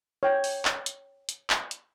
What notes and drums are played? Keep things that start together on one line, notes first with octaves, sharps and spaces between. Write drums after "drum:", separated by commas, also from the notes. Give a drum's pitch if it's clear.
C#5 G5
drum: open hi-hat
drum: clap
drum: hi-hat
drum: hi-hat
drum: clap
drum: hi-hat